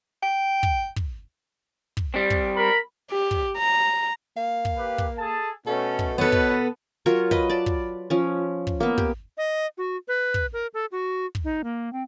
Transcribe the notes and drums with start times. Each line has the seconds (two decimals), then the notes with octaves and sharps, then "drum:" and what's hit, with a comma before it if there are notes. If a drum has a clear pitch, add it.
0.23 G5
0.63 drum: kick
0.96 drum: kick
1.97 drum: kick
2.14 G3 C4
2.30 drum: kick
2.57 A#4 B5
3.11 G4
3.31 drum: kick
3.57 A#5
4.37 A#3 F5
4.65 drum: kick
4.77 G4 B4
4.98 drum: kick
5.18 G#4 A4 A5
5.67 B2 A3 C#4 A4
5.99 drum: kick
6.18 B3 A4 B4 C#5
6.32 drum: kick
7.06 F#3 F4 A#4 C#5
7.31 B4 D#5, drum: kick
7.50 D5 A5
7.66 drum: kick
8.10 F3 C#4
8.67 drum: kick
8.80 A#3 B3
8.98 G4, drum: kick
9.38 D#5
9.78 F#4
10.08 B4
10.34 drum: kick
10.53 A#4
10.74 A4
10.92 F#4
11.35 drum: kick
11.44 D#4
11.64 A#3
11.93 C4